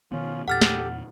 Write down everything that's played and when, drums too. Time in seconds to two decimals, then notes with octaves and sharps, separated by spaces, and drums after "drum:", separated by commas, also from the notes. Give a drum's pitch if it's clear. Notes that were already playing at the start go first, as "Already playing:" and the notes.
0.12 B2 D#3 F3 B3 C#4 F4
0.48 E2 A#2 G4 A4 F#5 F6 A6
0.62 drum: snare